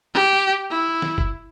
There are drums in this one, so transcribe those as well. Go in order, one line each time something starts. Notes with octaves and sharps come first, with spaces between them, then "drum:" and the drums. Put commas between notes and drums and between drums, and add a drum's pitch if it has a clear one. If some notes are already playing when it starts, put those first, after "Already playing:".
G4
E4
drum: snare
drum: kick F#1